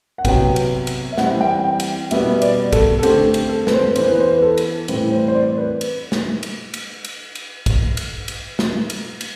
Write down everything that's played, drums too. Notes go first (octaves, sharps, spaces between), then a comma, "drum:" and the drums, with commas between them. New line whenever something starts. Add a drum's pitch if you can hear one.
F#5
C3 F#3 B3 G5, drum: kick, cymbal
drum: cymbal
drum: cymbal
E5
E3 G3 C4 F#5, drum: snare
G5
G5
drum: cymbal
B2 G3 B3 E5, drum: cymbal
D5, drum: cymbal
A4, drum: kick, cymbal
A4
D3 A3 C4 G4, drum: cymbal
drum: cymbal
A4
B4, drum: snare
C5
E3 B3 C5, drum: cymbal
B4
C5
B4
A4
drum: cymbal
A2 E3 G3 C4 B4, drum: cymbal
C5
C5
D5
B4
drum: cymbal
drum: snare
drum: cymbal
drum: cymbal
drum: cymbal
drum: cymbal
drum: kick, cymbal
drum: cymbal
drum: cymbal
drum: snare
drum: cymbal
drum: cymbal